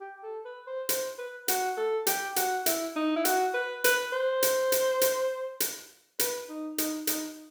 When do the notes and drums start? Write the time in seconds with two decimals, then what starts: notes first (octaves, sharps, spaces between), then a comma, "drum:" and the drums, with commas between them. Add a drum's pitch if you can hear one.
0.01 G4
0.23 A4
0.45 B4
0.67 C5
0.89 C5, drum: hi-hat
1.18 B4
1.48 F#4, drum: hi-hat
1.77 A4
2.07 G4, drum: hi-hat
2.36 F#4, drum: hi-hat
2.66 E4, drum: hi-hat
2.96 D#4
3.16 E4
3.25 F#4, drum: hi-hat
3.54 B4
3.84 B4, drum: hi-hat
4.13 C5
4.43 drum: hi-hat
4.72 drum: hi-hat
5.01 drum: hi-hat
5.60 drum: hi-hat
6.19 B4, drum: hi-hat
6.49 D#4
6.78 D#4, drum: hi-hat
7.07 D#4, drum: hi-hat